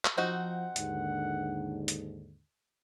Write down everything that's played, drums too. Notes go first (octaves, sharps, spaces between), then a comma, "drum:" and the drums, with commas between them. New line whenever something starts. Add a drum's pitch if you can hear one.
drum: clap
F3 C4 D#4 F#4 F#5
D#2 G#2 D3, drum: hi-hat
drum: hi-hat